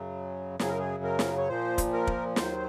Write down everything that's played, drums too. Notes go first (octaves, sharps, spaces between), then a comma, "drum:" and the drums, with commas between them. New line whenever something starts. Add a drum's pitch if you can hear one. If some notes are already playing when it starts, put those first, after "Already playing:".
Already playing: F#2 C#3 F#3
F#2 C#3 F#3 G#4, drum: snare
A#4
G#4
A#4
drum: snare
C#5
A#2 F3 C5
drum: kick, hi-hat
A#4
drum: kick
D#2 D#3 F#3 C5, drum: snare